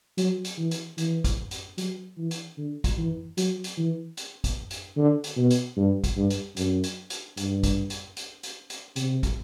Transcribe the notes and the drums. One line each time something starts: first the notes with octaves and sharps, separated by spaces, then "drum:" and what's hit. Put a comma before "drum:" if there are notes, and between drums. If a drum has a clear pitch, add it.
F#3, drum: hi-hat
drum: hi-hat
E3
drum: hi-hat
E3, drum: hi-hat
drum: kick, hi-hat
drum: hi-hat
F#3, drum: hi-hat
E3
drum: hi-hat
D3
drum: kick, hi-hat
E3
F#3, drum: hi-hat
drum: hi-hat
E3
drum: hi-hat
drum: kick, hi-hat
drum: hi-hat
D3
drum: hi-hat
B2
drum: hi-hat
G2
drum: kick, hi-hat
G2
drum: hi-hat
F#2, drum: hi-hat
drum: hi-hat
drum: hi-hat
G2, drum: hi-hat
drum: kick, hi-hat
drum: hi-hat
drum: hi-hat
drum: hi-hat
drum: hi-hat
C3, drum: hi-hat
drum: kick, hi-hat